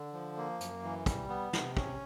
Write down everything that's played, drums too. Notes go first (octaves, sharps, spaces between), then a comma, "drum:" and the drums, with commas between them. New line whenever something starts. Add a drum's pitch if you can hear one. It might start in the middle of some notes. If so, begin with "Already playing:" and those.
Already playing: D3
F3
A#3
F#2, drum: hi-hat
E3
G3, drum: kick, hi-hat
B3
C3, drum: snare
C#4, drum: kick